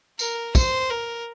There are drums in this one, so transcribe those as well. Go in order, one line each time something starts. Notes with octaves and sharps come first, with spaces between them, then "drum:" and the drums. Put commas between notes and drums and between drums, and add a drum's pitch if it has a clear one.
A#4, drum: tambourine
C5, drum: kick, tambourine
A#4